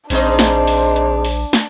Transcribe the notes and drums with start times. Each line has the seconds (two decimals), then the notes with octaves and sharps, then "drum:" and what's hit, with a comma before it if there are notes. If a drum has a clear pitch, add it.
0.10 A#1 G#2 C4 D4 C5 D#5, drum: open hi-hat
0.39 drum: snare
0.67 drum: open hi-hat
0.96 drum: hi-hat
1.25 drum: open hi-hat
1.53 drum: snare